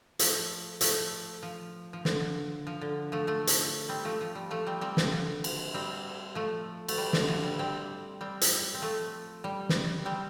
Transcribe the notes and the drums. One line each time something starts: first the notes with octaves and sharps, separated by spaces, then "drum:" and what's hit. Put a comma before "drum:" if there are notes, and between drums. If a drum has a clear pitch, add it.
F3 A3, drum: hi-hat
F3 A3, drum: hi-hat
F3
F3
D3, drum: snare
F3
D3
F3 A3
F3 A3
drum: hi-hat
G3 C4
F3 A3
F3
G3
F3 A3
G3 C4
G3 C4
D3, drum: snare
F3
drum: cymbal
G3 C4
F3 A3
A3, drum: cymbal
G3
D3, drum: snare
F3
G3
G3 C4
G3 C4
drum: hi-hat
C4
F3 A3
G3
drum: snare
G3 C4